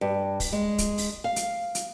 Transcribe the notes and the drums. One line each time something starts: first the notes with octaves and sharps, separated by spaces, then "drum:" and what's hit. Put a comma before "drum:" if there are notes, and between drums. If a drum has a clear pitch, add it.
G2
drum: kick, open hi-hat
G#3
drum: kick, hi-hat
drum: open hi-hat
F5
drum: hi-hat
drum: hi-hat